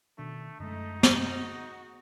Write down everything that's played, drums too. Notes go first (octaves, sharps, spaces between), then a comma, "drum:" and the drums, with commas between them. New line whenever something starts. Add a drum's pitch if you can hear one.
B2 D#3 A3 D4
F#2 D3 G#3 A3 D#4
F#4, drum: snare
G#4